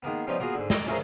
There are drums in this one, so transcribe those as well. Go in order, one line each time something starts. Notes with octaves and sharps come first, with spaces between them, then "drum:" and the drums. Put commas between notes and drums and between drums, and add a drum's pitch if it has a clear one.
D#3 G#3 A#3 B3
F3 G3 B3 C#4 D#4 F4
A#3 B3 F4 F#4 G#4
G#2 D3
A#5 D6, drum: snare
C#4 E4 F4 G#4 A#4 C5